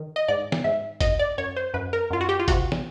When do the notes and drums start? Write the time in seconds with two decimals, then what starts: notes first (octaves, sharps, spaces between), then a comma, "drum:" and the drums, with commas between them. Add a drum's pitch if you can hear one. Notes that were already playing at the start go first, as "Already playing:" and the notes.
Already playing: D#3
0.16 D#5
0.28 G#2 D5
0.52 drum: snare
0.64 G#2 E5
1.01 F#2 D#5, drum: kick G1, hi-hat
1.19 D5
1.38 F#2 C#5
1.56 C5
1.74 F#2 B4
1.93 A#4
2.10 F#2 F4
2.21 F#4
2.29 G4
2.39 F4
2.48 C3 F#4, drum: kick G1, hi-hat
2.72 drum: snare